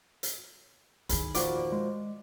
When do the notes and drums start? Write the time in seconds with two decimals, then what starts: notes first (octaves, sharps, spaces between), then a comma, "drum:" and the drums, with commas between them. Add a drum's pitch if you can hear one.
0.23 drum: hi-hat
1.09 E2 D#3 G#4 B5, drum: hi-hat
1.35 A#2 F3 F#4 D5, drum: hi-hat
1.72 G#3